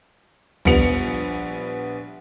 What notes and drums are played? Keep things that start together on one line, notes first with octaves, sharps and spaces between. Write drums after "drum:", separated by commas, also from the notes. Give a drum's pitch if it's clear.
A#1 G3 B3 C#7 F7, drum: tom